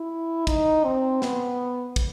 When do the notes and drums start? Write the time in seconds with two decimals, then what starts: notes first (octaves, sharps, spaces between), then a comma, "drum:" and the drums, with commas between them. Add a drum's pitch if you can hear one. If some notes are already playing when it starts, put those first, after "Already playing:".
Already playing: E4
0.47 D#4, drum: kick, hi-hat
0.84 C4
1.22 B3, drum: snare
1.96 drum: kick, hi-hat